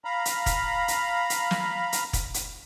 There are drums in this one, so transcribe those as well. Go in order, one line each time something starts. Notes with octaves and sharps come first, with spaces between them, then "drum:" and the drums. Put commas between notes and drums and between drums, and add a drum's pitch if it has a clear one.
F5 A#5 B5
drum: hi-hat
drum: kick E1, hi-hat
drum: hi-hat
drum: hi-hat
drum: snare
drum: hi-hat
drum: kick E1, hi-hat
drum: hi-hat